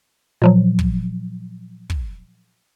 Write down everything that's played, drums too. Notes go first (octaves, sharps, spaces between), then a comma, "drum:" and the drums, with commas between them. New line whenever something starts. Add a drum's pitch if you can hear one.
A#2 F3 F#3
drum: kick
drum: kick